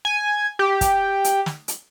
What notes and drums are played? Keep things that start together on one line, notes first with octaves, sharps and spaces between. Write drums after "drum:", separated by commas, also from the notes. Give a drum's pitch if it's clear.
G#5
G4
drum: kick, hi-hat
drum: hi-hat
drum: snare
drum: hi-hat